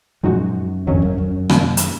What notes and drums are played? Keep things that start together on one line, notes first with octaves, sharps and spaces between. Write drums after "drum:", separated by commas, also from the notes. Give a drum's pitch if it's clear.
F#2 A#2 F3 G#3 D#4 F#4
A#1 F2 G#2 D#3 F#3 C#4
F#2
F#2
C3 D#3 A#3, drum: rim click
drum: hi-hat